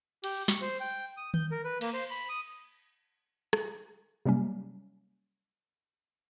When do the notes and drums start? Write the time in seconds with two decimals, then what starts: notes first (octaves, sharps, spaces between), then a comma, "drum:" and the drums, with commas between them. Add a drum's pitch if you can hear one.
0.24 G4, drum: cymbal
0.48 C#6, drum: snare
0.61 C5
0.80 G5
1.17 D#6
1.34 G6, drum: tom D#3
1.52 A#4
1.64 B4
1.81 A#3, drum: cymbal
1.94 C5
2.11 B5
2.29 D#6
3.53 drum: rim click
4.25 C3 F#3 G3 A#3 C#4